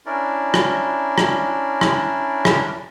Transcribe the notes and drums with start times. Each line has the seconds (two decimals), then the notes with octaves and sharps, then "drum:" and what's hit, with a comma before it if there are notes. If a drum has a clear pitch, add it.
0.06 C#4 D4 E4 A#4 D5
0.54 drum: rim click
1.18 drum: rim click
1.81 drum: rim click
2.45 drum: rim click